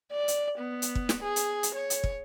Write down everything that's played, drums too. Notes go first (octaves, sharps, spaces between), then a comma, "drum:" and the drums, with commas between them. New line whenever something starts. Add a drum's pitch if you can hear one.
D5
drum: hi-hat
B3
drum: hi-hat
drum: kick
drum: snare
G#4
drum: hi-hat
drum: hi-hat
C#5
drum: hi-hat
drum: kick